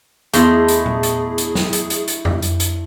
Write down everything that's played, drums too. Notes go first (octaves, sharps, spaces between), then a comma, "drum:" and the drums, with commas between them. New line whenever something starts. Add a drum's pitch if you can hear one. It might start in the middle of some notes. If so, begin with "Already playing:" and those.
E2 A3 D#4 E4 G#4 A4 C6, drum: hi-hat
drum: hi-hat
drum: tom A#2
drum: hi-hat
drum: hi-hat
drum: snare
drum: hi-hat
drum: hi-hat
drum: hi-hat
drum: tom F2
drum: hi-hat
drum: hi-hat